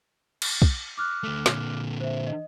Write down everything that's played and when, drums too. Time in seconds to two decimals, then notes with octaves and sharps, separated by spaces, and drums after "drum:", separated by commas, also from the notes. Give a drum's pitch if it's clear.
0.42 drum: cymbal
0.62 drum: kick
0.97 D6 F6 F#6
1.23 D2 A3
1.46 A#2 D3, drum: snare
2.00 C5 E5
2.27 D#5